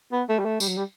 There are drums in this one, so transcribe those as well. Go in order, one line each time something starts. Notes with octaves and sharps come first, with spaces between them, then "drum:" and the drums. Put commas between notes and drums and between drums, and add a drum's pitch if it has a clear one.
B3
A3
G3
A3
G3, drum: tambourine
F#3
G3